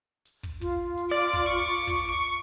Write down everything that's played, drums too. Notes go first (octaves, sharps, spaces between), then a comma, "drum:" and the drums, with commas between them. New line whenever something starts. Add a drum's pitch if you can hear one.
drum: hi-hat
drum: kick
F4, drum: kick, hi-hat
drum: hi-hat
D5 D6
drum: kick, hi-hat
C#6
drum: hi-hat
drum: kick
C#6